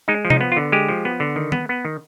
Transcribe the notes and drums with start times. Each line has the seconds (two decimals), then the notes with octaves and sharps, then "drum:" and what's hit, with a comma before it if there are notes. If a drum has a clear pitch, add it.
0.08 G#3 D#4
0.25 F3
0.30 D#4, drum: tom C3
0.41 B3
0.52 F4
0.57 D3
0.72 G#3 G4
0.89 F3
1.05 B3
1.20 D3
1.36 D#3
1.52 B3, drum: tom
1.69 B3
1.85 D#3